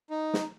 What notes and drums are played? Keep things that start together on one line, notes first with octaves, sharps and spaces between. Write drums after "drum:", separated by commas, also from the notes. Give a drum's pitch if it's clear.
D#4
drum: snare